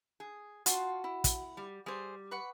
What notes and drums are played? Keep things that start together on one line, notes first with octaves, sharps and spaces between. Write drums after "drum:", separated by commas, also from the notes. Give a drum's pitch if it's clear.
G#4
F4 F#4 A5 C6, drum: hi-hat
E4
drum: kick, hi-hat
G3
G3 G#4 C5
B4 F#5 C#6